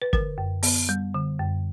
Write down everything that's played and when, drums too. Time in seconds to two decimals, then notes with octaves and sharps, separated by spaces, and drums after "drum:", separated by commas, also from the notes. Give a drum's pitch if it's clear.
0.02 B4
0.13 D3 A#4, drum: kick
0.38 F#2
0.63 B3, drum: open hi-hat
0.89 G3
1.15 D3
1.40 F#2